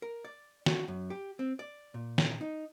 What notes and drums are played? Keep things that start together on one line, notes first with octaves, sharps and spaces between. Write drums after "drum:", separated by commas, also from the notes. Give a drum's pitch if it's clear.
A#4
D5
F#4, drum: snare
F#2
G4
C4
D5
A#2
drum: snare
D#4